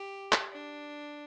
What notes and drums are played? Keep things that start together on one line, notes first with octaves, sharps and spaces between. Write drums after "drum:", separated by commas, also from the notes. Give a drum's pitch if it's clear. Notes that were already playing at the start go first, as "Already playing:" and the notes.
Already playing: G4
drum: clap
D4